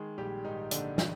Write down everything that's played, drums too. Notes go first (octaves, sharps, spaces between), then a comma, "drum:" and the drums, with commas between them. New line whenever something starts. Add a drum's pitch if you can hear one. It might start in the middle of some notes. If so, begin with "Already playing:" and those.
Already playing: D#3 G#3 G#4
A#1 G3 G4
G#2 D#3 D#4
A#1 D3 D4, drum: hi-hat
D#3, drum: snare